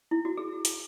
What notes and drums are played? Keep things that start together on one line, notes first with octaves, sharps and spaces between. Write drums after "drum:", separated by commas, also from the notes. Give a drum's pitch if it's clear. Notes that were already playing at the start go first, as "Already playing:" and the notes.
E4
F#4
G#4
drum: hi-hat